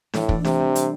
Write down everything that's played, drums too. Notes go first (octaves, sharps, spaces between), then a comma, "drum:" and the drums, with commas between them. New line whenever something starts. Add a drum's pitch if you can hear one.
A2 E3 A3, drum: snare D4
A3 D4, drum: kick
C3 A3 D4, drum: snare D4
G3 C4
G3 C4, drum: hi-hat